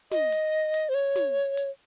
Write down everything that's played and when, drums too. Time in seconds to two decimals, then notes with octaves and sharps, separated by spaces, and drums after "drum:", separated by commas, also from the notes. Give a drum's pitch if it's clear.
0.11 D#5, drum: snare
0.32 drum: hi-hat
0.74 drum: hi-hat
0.89 C5
0.94 C#5
1.16 drum: snare
1.57 drum: hi-hat